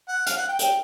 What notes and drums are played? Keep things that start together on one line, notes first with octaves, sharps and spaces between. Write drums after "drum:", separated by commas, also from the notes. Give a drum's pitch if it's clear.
F#5
F5, drum: hi-hat
F#5
G5
G5, drum: hi-hat